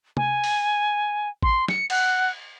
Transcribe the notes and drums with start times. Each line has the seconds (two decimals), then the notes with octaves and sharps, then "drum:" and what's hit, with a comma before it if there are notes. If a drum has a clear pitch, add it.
0.17 G#5, drum: tom
0.44 drum: open hi-hat
1.43 C6, drum: kick A1
1.68 C#7, drum: snare
1.90 F#5, drum: cymbal